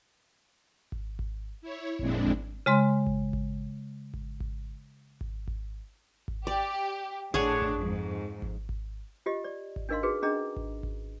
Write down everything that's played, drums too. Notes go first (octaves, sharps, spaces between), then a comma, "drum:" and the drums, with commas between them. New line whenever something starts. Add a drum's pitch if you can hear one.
drum: kick G#1
drum: kick G#1
E4 C#5
F2 A#2 G#3 C4 D4 E4, drum: kick G#1
drum: kick G#1
C#3 G#3 C6
drum: kick G#1
drum: kick G#1
drum: kick G#1
drum: kick G#1
drum: kick G#1
drum: kick G#1
drum: kick G#1
G4 D5
A2 D4 G#4 C#5 F#5, drum: kick G#1
drum: kick G#1
F2 G#2
drum: kick G#1
drum: kick G#1
F4 G4 D#5
D5
drum: kick G#1
D4 D#4 A#4 D#5 F5 C6
D#4 F#4 G#4 B4
C#4 D4 G#4 D#5 A#5
drum: kick G#1
drum: kick G#1